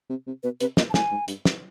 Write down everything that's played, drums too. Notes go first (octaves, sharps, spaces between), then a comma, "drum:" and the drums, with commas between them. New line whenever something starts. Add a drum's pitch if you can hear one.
C3
C3
B2 B4
C3 B4, drum: hi-hat
A#2 D#5, drum: snare
A5
A2 G#5, drum: snare
G#2
G2, drum: hi-hat
drum: snare